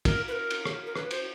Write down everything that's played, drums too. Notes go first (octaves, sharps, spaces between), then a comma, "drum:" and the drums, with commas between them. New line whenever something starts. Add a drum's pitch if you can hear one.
A#4, drum: kick, cymbal
B4
A#4
drum: cymbal
drum: rim click
A#4
B4, drum: rim click
C5, drum: cymbal